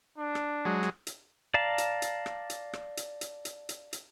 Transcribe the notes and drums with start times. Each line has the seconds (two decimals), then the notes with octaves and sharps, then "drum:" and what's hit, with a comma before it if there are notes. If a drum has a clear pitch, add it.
0.18 D4
0.35 drum: rim click
0.65 F#3 G#3
0.83 drum: rim click
1.07 drum: hi-hat
1.54 D5 F5 A5 A#5
1.78 drum: hi-hat
2.02 drum: hi-hat
2.26 drum: rim click
2.50 drum: hi-hat
2.73 drum: rim click
2.97 drum: hi-hat
3.21 drum: hi-hat
3.45 drum: hi-hat
3.69 drum: hi-hat
3.93 drum: hi-hat